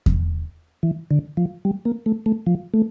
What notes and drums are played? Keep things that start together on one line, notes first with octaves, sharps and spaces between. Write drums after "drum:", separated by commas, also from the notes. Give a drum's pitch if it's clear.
drum: kick E2
E3
D3
F3
G3
A#3
A3
A3
F3
A3